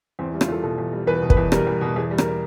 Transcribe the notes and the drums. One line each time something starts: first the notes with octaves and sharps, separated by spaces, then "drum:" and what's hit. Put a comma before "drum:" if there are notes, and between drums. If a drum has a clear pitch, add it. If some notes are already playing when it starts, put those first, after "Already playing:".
E2 C4
E4
G3
F4, drum: rim click
E2 A4
B2 A4
E2
G3
E2 B4
B2
B4, drum: kick
E2
G3 A#4, drum: rim click
E2
B2
E2 G#4
G3
A#4, drum: rim click